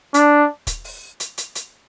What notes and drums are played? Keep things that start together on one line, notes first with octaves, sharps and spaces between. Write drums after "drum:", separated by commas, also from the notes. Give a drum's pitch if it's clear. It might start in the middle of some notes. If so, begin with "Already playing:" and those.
D4, drum: hi-hat
drum: kick, hi-hat
drum: open hi-hat
drum: hi-hat
drum: hi-hat
drum: hi-hat